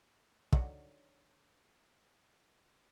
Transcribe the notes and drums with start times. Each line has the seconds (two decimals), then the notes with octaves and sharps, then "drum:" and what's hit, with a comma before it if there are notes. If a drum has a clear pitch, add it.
0.53 D3 D#3 F#3, drum: kick